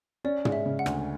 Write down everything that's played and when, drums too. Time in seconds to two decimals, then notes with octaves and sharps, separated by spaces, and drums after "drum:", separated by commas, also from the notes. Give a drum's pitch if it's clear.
0.24 C#4 D5
0.45 G#3, drum: tom
0.52 E5
0.66 C#3
0.79 F#5
0.86 D2, drum: rim click